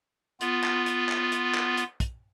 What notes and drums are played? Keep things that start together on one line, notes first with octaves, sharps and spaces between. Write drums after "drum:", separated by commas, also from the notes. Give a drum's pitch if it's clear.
B3 F4, drum: hi-hat
drum: clap
drum: hi-hat
drum: clap
drum: hi-hat
drum: clap
drum: hi-hat
drum: kick, hi-hat